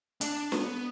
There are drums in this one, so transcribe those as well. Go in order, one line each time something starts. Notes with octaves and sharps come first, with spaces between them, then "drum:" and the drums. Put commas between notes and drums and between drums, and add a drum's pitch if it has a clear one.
D4, drum: hi-hat
B3, drum: snare